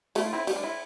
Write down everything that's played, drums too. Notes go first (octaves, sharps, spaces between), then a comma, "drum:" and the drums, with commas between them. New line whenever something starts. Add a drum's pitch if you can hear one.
A3 E4, drum: cymbal
F4
C4 E4
G3, drum: cymbal
D4
C4 E4